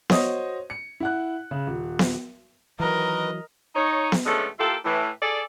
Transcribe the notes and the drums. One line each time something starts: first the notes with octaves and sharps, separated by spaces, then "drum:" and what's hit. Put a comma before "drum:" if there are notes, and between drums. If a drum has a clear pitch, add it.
F#4 C5 C#5 D#5 D#6, drum: snare B3
C#7
E4 F#5 F#6
C#3
D#1
drum: snare B3
D#3 E3 F#3 A#4 B4 D#5
D#4 C#5
drum: snare B3
A2 D3 G#3 A3 B3 C#4
A#3 E4 F4 G4 A4
A2 E3
G#4 A4 D5